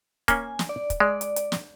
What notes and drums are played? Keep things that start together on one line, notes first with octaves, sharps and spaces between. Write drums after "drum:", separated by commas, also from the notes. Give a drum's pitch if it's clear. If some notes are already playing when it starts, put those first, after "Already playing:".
A#3 C#4 G#5, drum: kick, hi-hat
drum: snare
D5
drum: kick, hi-hat
G#3 D5
drum: hi-hat
drum: hi-hat
drum: snare